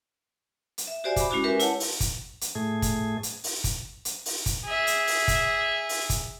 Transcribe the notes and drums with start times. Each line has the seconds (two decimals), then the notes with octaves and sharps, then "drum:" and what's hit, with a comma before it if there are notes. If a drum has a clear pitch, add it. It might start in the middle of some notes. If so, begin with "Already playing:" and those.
0.78 drum: hi-hat
0.87 E5
1.04 F#4 G4 C5 D5 E5 G#5
1.16 B5 D6, drum: kick, hi-hat
1.30 G#3 C#4 E4 F#4 D6
1.44 G4 A#4 B4 E5 G#5
1.60 E4 C#5 F#5 A5, drum: hi-hat
1.80 drum: open hi-hat
2.00 drum: kick, hi-hat
2.41 drum: hi-hat
2.55 A2 A3 G#4
2.82 drum: kick, hi-hat
3.23 drum: hi-hat
3.44 drum: open hi-hat
3.64 drum: kick, hi-hat
4.05 drum: hi-hat
4.25 drum: open hi-hat
4.46 drum: kick, hi-hat
4.65 G#4 E5
4.87 drum: hi-hat
5.07 drum: open hi-hat
5.28 drum: kick, hi-hat
5.89 drum: open hi-hat
6.10 drum: kick, hi-hat